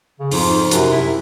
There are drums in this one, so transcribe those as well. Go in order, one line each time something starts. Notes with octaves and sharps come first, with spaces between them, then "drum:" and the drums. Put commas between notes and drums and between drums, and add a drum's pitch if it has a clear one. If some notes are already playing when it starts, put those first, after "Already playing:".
C#3
F2 G#2, drum: open hi-hat
F#2 C3, drum: hi-hat
E4